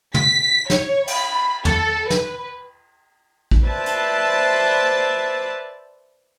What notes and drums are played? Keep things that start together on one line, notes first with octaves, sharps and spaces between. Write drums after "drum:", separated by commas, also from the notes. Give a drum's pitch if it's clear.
B6, drum: tom
C#5, drum: snare
B5, drum: cymbal
A4, drum: tom
B4, drum: snare
drum: kick
B4 C5 D5 E5 A5
drum: hi-hat